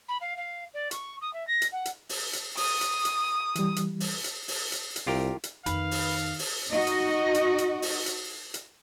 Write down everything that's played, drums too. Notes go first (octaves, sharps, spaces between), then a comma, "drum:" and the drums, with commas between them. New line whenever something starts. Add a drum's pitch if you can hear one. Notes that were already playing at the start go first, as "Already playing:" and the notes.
B5
F5
F5
D5
C#6, drum: hi-hat
D#6
E5
A#6
drum: hi-hat
F#5
drum: hi-hat
drum: open hi-hat
drum: hi-hat
D#6, drum: open hi-hat
drum: hi-hat
drum: hi-hat
E3 G3, drum: hi-hat
drum: hi-hat
drum: open hi-hat
drum: hi-hat
drum: open hi-hat
drum: hi-hat
drum: hi-hat
C2 F4 G4 A#4
drum: hi-hat
F2 D#3 D#4 B4 F5, drum: hi-hat
drum: open hi-hat
drum: open hi-hat
D#4 F#4 D#5
drum: hi-hat
drum: hi-hat
drum: hi-hat
drum: open hi-hat
drum: hi-hat
drum: hi-hat